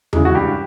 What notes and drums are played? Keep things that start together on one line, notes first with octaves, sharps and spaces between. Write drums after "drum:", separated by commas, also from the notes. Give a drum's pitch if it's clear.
C#3 E3 G#3, drum: tom E2
F#4
G2 G4